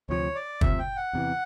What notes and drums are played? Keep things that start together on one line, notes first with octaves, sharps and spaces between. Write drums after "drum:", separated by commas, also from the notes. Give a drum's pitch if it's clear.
D2 C3 F3 C#5
D5
D2 C3 F3 E5, drum: kick
G5
F#5
E2 C3 E3